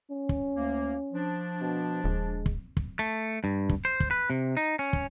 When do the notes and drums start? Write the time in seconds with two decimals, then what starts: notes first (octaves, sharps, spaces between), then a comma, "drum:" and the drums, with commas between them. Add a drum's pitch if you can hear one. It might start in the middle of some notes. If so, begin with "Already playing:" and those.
0.10 C#4
0.29 drum: kick
0.54 D2 A#3
1.13 F3 D4
1.61 B2
2.04 D#1 G#3
2.46 drum: kick
2.77 drum: kick
2.99 A3
3.44 G2
3.69 drum: kick
3.85 C5
4.00 drum: kick
4.11 B4
4.30 C3
4.57 D#4
4.79 C#4
4.93 drum: kick